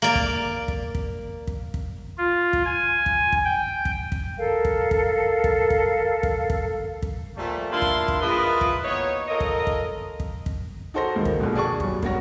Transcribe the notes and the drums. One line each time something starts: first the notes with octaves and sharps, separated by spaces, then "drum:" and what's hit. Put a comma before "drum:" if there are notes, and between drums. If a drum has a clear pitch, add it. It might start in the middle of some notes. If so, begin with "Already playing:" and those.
A#3 D5
drum: kick
drum: kick
drum: kick
drum: kick
drum: kick
F4
drum: kick
G#5
drum: kick
drum: kick
G5
drum: kick
drum: kick
A4 A#4 F5
drum: kick
drum: kick
drum: kick
drum: kick
drum: kick
drum: kick
drum: kick
A#2 F3 G3 A3
D3 A#3 E4 F4 A5 C6
drum: kick
drum: kick
E4 F4 G#4 A#4 B4 D#5
drum: kick
A#3 B3 D#4 C#5
F4 A4 A#4 D#5
drum: kick
drum: kick
drum: kick
drum: kick
D#4 F#4 A4 C5 C6 A#6
C#2 D#3
drum: kick
A#1 B2
G#4 D5 A5 C#6
G2 F#3, drum: kick
E1 C#4 F#4 C#5 A#6, drum: kick